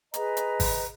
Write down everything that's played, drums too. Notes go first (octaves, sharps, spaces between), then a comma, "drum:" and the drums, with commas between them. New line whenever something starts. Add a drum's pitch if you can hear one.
G#4 B4 D#5 A#5, drum: hi-hat
drum: hi-hat
drum: kick G#1, open hi-hat